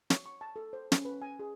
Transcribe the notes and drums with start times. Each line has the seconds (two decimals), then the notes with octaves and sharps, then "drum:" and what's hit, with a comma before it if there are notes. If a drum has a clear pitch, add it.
0.10 C#5, drum: snare
0.26 C#6
0.41 A5
0.56 A4
0.73 C5
0.92 C#4, drum: snare
1.05 B4
1.22 G#5
1.39 G#4